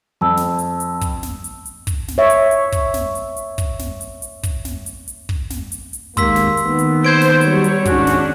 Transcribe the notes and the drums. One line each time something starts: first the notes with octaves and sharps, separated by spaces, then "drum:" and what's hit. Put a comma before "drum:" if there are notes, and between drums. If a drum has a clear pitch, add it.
F2 A5 E6
drum: snare
drum: hi-hat
drum: hi-hat
drum: kick, hi-hat
drum: snare
drum: hi-hat
drum: hi-hat
drum: kick, hi-hat
drum: snare
C#5 E5
drum: hi-hat
drum: hi-hat
drum: kick, hi-hat
drum: snare
drum: hi-hat
drum: hi-hat
drum: kick, hi-hat
drum: snare
drum: hi-hat
drum: hi-hat
drum: kick, hi-hat
drum: snare
drum: hi-hat
drum: hi-hat
drum: kick
drum: snare
drum: hi-hat
drum: hi-hat
D#2 G#3 A#3 C6 E6 B6, drum: kick, hi-hat
drum: snare
drum: hi-hat
D#3 A#3 B3
drum: hi-hat
C5 G6 G#6 D7
drum: snare
F#3 G3 C#5, drum: hi-hat
drum: hi-hat
G#1 C#4 D4 F#4, drum: kick, hi-hat
drum: snare